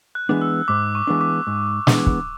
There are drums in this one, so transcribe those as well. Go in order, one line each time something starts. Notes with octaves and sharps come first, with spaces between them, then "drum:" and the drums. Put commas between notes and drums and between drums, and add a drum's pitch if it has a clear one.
F#6
E3 G#3 B3 D4
E6
G#2 D6
C#6
E3 G#3 B3 D4
D6
G#2
E3 G#3 B3 D4, drum: snare
drum: kick